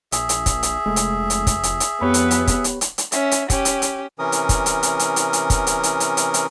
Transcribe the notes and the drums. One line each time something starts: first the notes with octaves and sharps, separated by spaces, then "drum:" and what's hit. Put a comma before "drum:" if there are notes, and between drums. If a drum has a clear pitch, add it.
A#1 G#4 E5, drum: hi-hat
drum: hi-hat
drum: kick, hi-hat
drum: hi-hat
F1 G#3 A3
drum: hi-hat
drum: hi-hat
drum: kick, hi-hat
drum: hi-hat
drum: hi-hat
F2 B3 G4 C#5 B5
drum: hi-hat
drum: hi-hat
drum: kick, hi-hat
drum: hi-hat
drum: hi-hat
drum: hi-hat
C#4 E5, drum: hi-hat
drum: hi-hat
C#4 G4, drum: kick, hi-hat
drum: hi-hat
drum: hi-hat
C3 E3 C#4 A#4 D#6
drum: hi-hat
drum: kick, hi-hat
drum: hi-hat
drum: hi-hat
drum: hi-hat
drum: hi-hat
drum: hi-hat
drum: kick, hi-hat
drum: hi-hat
drum: hi-hat
drum: hi-hat
drum: hi-hat
drum: hi-hat